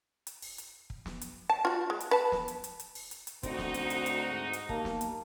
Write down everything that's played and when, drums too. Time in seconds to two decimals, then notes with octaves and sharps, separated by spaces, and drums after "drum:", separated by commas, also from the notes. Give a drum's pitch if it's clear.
0.27 drum: hi-hat
0.42 drum: open hi-hat
0.58 drum: hi-hat
0.90 drum: kick
1.06 drum: snare
1.21 drum: hi-hat
1.50 A5
1.65 F4 F#4
1.90 G#3
2.00 drum: hi-hat
2.11 B4 A5
2.32 drum: snare
2.48 drum: hi-hat
2.64 drum: hi-hat
2.80 drum: hi-hat
2.95 drum: open hi-hat
3.11 drum: hi-hat
3.27 drum: hi-hat
3.43 D2 C4 D#4 F#4, drum: kick, hi-hat
3.59 drum: snare
3.74 drum: hi-hat
3.90 drum: hi-hat
4.06 drum: hi-hat
4.30 G#2
4.53 drum: hi-hat
4.69 D#2 A#3 A5, drum: kick
4.85 drum: snare
5.01 drum: hi-hat